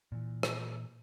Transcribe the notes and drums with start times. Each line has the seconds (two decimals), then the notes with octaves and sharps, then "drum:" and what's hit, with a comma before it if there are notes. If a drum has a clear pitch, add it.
0.12 A#2 E3
0.43 drum: rim click